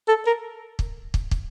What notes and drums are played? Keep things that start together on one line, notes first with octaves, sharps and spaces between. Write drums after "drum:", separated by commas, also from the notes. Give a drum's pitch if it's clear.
A4
A#4
drum: kick
drum: kick
drum: kick